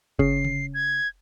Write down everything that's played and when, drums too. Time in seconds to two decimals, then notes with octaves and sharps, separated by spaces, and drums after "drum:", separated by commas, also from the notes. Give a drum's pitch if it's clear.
0.19 C#3 C7, drum: kick F#1
0.44 drum: tom C#3
0.74 G#6